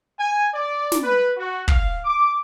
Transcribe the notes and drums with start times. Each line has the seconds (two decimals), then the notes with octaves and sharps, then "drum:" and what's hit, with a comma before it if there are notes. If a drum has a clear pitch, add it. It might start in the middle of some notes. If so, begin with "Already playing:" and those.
0.18 G#5
0.53 D5
0.92 drum: snare
1.03 B4
1.37 F#4
1.68 F5, drum: kick
2.04 D6